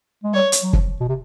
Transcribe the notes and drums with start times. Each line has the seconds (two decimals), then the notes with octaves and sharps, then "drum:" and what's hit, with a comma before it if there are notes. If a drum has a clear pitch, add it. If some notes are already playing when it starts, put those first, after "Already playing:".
0.23 G#3
0.34 G3 C#5
0.52 drum: hi-hat
0.63 F#3
0.73 F3, drum: kick
1.00 B2
1.09 C3